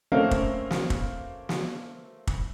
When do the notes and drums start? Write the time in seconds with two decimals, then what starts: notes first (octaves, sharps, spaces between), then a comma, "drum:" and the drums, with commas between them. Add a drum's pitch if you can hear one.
0.12 A3 A#3 C4 C#4 A#4 F5
0.31 drum: kick
0.71 drum: snare
0.90 drum: kick
1.49 drum: snare
2.27 drum: kick